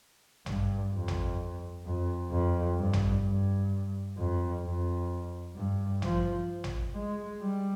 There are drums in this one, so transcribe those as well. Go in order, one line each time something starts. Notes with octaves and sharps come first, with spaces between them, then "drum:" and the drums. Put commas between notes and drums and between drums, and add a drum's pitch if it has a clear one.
G2, drum: tom A1
F2
drum: tom A1
F2
F2
G2
drum: tom A1
G2
F2
F2
G2
F3, drum: tom A1
drum: tom A1
G#3
G3